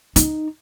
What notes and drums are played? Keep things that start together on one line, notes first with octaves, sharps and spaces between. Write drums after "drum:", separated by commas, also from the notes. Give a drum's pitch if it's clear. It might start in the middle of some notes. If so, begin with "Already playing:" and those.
D#4, drum: hi-hat